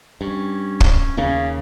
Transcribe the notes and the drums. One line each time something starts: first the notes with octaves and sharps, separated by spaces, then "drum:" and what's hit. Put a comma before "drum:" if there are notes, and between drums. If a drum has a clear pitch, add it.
G2 C#4
drum: kick
D#2 C#3 A#3 C#4